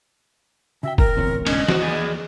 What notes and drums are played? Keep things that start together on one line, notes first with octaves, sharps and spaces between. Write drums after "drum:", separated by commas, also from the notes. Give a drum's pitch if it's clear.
C#3 F#4 E5 G5
A#4 G5 A#5, drum: kick F#1
D1 E2 A#2 C4 C#5
C3 G#3 B3 C#4 D4 D#5, drum: cymbal
D#2 E3 F3 F#4, drum: snare
G#4 D5